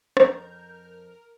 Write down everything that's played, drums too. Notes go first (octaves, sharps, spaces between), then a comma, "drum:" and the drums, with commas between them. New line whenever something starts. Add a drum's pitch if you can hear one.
F2 A#4 A#5 G6, drum: rim click